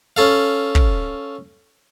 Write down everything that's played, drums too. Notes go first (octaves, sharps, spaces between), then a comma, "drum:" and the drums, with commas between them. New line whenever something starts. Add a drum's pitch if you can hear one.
C#4 A4 F5
drum: kick